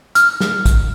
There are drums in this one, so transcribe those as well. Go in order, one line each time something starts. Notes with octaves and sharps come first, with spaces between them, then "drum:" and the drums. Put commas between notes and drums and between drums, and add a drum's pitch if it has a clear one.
F6, drum: hi-hat
drum: snare
drum: kick, hi-hat